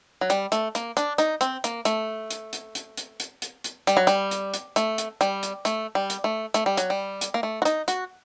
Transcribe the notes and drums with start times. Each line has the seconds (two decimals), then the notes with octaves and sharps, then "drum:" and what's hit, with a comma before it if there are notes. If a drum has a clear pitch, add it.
0.21 F#3
0.30 G3, drum: hi-hat
0.52 A3, drum: hi-hat
0.75 A#3, drum: hi-hat
0.97 D4, drum: hi-hat
1.18 D#4, drum: hi-hat
1.41 C4, drum: hi-hat
1.64 A#3, drum: hi-hat
1.85 A3, drum: hi-hat
2.31 drum: hi-hat
2.53 drum: hi-hat
2.75 drum: hi-hat
2.97 drum: hi-hat
3.20 drum: hi-hat
3.42 drum: hi-hat
3.64 drum: hi-hat
3.87 G3, drum: hi-hat
3.97 F#3
4.07 G3, drum: hi-hat
4.31 drum: hi-hat
4.54 drum: hi-hat
4.76 A3, drum: hi-hat
4.98 drum: hi-hat
5.21 G3, drum: hi-hat
5.43 drum: hi-hat
5.65 A3, drum: hi-hat
5.95 G3
6.10 drum: hi-hat
6.24 A3
6.54 A3, drum: hi-hat
6.66 G3
6.77 F#3, drum: hi-hat
6.90 G3
7.21 drum: hi-hat
7.34 A#3
7.43 A3
7.62 F#4
7.65 D#4, drum: hi-hat
7.88 F#4, drum: hi-hat